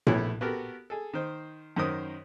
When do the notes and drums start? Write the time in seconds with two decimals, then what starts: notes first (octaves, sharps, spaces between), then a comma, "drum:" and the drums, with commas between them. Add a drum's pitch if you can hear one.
0.07 A#1 A3 B3 E4 C#5, drum: tom A#2
0.41 B3 F#4 G4 A4 A#4
0.90 G#4 A4
1.13 D#3 C5
1.76 F#2 D#3 A#4 C5 D#6